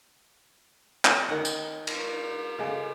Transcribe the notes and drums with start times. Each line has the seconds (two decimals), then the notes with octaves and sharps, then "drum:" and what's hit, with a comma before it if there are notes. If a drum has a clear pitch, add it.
1.05 drum: clap
1.28 D#3 D#4 D#5 F#5 G5
1.45 drum: tambourine
1.87 drum: cymbal
2.59 C#3 F#4 A4 D#5 F5 G#5